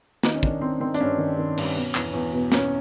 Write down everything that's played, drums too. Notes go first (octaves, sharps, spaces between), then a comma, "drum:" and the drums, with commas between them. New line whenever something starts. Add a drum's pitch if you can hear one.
D#3 D#4, drum: snare
C#4
D#3 D4, drum: kick
D#3 C4
D#3 C4
D4, drum: hi-hat
G2 C#4
D#3
D#3
G2, drum: cymbal
B2
E2, drum: clap
E2
B2
B2 C#4, drum: snare